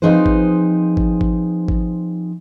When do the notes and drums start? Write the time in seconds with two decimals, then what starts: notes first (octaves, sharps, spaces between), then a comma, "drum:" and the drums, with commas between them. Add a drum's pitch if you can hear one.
0.02 F3 C4 D#4 G#4 B4 C5
0.26 drum: kick G#1
0.97 drum: kick G#1
1.21 drum: kick G#1
1.68 drum: kick G#1